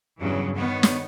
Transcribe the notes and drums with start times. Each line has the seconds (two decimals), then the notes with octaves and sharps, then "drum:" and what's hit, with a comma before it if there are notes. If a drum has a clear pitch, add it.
0.19 E2 G2 C#3 E3 F#3
0.54 D#3 B3 C#5
0.83 drum: snare